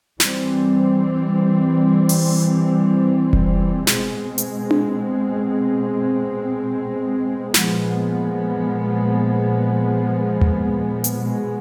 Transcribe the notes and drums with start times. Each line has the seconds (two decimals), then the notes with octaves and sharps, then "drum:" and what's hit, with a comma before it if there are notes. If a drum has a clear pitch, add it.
0.20 E3 G3 C4, drum: snare
2.09 drum: open hi-hat
3.33 drum: kick F1
3.87 B2 G#3 C4, drum: snare
4.38 drum: hi-hat
4.71 drum: tom D4
7.54 A#2 F3 G#3 B3, drum: snare
10.41 drum: tom D#2
11.04 drum: hi-hat
11.21 B2 G#3 B3